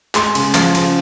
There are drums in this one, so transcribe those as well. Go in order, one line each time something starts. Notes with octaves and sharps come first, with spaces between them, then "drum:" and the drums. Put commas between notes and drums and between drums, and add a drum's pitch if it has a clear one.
G#3 C6, drum: clap
C#3, drum: cymbal
F3, drum: clap
C#3, drum: cymbal